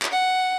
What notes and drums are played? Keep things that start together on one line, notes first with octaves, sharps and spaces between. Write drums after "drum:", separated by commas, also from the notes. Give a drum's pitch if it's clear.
drum: clap
F#5